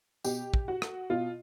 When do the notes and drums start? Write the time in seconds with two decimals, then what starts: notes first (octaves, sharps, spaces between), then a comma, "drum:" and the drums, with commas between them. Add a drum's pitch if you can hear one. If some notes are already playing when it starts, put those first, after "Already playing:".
0.24 B2 G4, drum: tambourine
0.54 drum: kick
0.68 F#4
0.82 drum: rim click
1.10 B2 F4